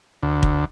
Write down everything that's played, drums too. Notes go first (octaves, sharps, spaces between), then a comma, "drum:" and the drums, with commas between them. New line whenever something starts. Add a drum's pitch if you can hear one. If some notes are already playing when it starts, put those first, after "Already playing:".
D2
drum: kick